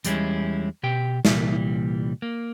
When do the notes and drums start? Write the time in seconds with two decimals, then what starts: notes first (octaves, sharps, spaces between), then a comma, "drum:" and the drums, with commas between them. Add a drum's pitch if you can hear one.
0.05 E2 G3 G#3 C4 C#4 E4, drum: hi-hat
0.83 B2 G4 G5
1.25 C2 A#2 E3 G3, drum: snare
2.22 A#3